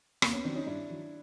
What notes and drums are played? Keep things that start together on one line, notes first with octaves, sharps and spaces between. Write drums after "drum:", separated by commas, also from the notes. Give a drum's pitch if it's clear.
D#2 A#3 C4, drum: rim click
B3 C#4
D#3 F#3 C4 D4
C#4 D#4
G2 D4 E4
D#3 F#3